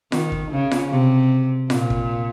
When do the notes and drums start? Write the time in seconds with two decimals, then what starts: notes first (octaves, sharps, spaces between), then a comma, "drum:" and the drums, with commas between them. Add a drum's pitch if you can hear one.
0.12 D#3, drum: snare F4
0.32 drum: kick
0.51 C#3
0.71 drum: snare F4
0.91 C3
1.70 A#2, drum: snare F4
1.90 drum: kick